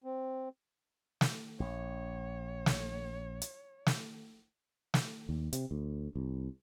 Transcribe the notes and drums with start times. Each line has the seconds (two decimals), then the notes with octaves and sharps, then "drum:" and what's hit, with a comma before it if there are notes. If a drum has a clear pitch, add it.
0.04 C4
1.21 drum: snare
1.60 A#1 C#5
2.66 drum: snare
3.42 drum: hi-hat
3.86 drum: snare
4.94 drum: snare
5.29 D#2
5.53 C3, drum: hi-hat
5.71 D2
6.16 C2